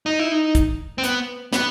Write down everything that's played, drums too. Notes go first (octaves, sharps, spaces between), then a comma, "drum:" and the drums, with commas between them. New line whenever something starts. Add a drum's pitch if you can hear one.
D#4
E4
D#4
drum: kick, hi-hat
C4
B3, drum: hi-hat
B3, drum: snare